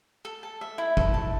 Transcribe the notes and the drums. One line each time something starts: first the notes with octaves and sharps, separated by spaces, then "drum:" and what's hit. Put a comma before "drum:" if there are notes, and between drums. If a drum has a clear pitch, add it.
A4
A5
E5
E4
A4, drum: kick F#1
A5